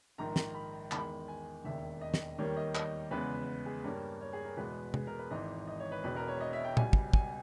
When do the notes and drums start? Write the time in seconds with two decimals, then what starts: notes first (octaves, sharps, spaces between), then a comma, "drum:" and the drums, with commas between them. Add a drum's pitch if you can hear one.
0.18 A#1 G#2 D#3 A#5
0.36 drum: snare
0.54 B5
0.91 E2 D#3 G#3 B5, drum: clap
1.28 G#5
1.64 E1 D#2 D#3 E5
2.01 D#5
2.14 drum: snare
2.38 D#2 D#3 G3 A#3 C#5
2.56 D#5
2.75 D#5, drum: clap
3.11 E2 C#3 G#3 B3 B4
3.66 G#4
3.84 G2 G3 A#3 C#5
4.21 C#5
4.33 G#4
4.45 A#4
4.57 E2 B2 G#3 B3 B4
4.94 G#4, drum: tom
5.07 A#4
5.19 B4
5.31 G#1 G#2 E3 D#5
5.68 D#5
5.80 C#5
5.92 B4
6.04 E1 E2 B2 B4
6.16 A#4
6.28 C#5
6.41 D#5
6.53 E5
6.65 G5
6.77 C#2 B2 G3 G#5, drum: tom A#2
6.93 drum: kick
7.13 G#5, drum: kick